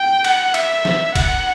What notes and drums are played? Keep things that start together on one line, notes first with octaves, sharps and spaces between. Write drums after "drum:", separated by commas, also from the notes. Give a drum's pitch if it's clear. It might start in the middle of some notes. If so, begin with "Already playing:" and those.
Already playing: G5
F#5, drum: cymbal
E5, drum: cymbal
drum: snare
F#5, drum: kick, cymbal